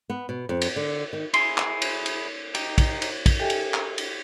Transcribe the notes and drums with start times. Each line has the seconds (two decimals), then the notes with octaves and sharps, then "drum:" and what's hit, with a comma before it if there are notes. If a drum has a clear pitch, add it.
0.10 B3
0.29 B2
0.49 F2
0.62 drum: cymbal
0.76 D3
1.13 D#3
1.34 E4 G#4 C6, drum: cymbal
1.58 drum: clap
1.82 drum: cymbal
2.06 drum: cymbal
2.55 D#4 G4, drum: cymbal
2.78 drum: kick, cymbal
3.02 drum: cymbal
3.26 drum: kick, cymbal
3.39 G4 A4 D#5 E5 G5 G#5
3.50 drum: cymbal
3.74 drum: clap
3.98 drum: cymbal